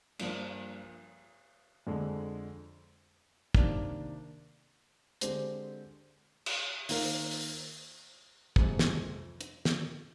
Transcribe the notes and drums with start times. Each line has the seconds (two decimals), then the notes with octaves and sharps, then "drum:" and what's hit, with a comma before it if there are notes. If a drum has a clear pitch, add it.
0.19 G2 F3 A#3 D4, drum: cymbal
1.87 F2 D3 G#3
3.55 C3 D#3 A#3 D4, drum: kick
5.21 D3 G#3 C4 G4 C5, drum: hi-hat
6.46 drum: cymbal
6.89 D#3 A#3 F4 A#4, drum: open hi-hat
7.31 drum: open hi-hat
8.56 F2 C3 F3 G#3, drum: kick
8.79 drum: snare
9.41 drum: hi-hat
9.65 drum: snare